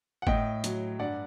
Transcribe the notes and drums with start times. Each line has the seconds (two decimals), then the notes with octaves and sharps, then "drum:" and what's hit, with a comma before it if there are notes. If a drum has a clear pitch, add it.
0.22 F#5
0.27 A2 D#5 G5, drum: kick G#1
0.64 F#3, drum: hi-hat
0.99 G2 D5 F#5